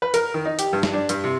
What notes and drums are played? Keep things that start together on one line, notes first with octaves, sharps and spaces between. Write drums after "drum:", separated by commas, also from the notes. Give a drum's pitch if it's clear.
B4
A#4, drum: hi-hat
D#3
D#4
G4, drum: hi-hat
G2
drum: snare
D4
G2, drum: hi-hat
C3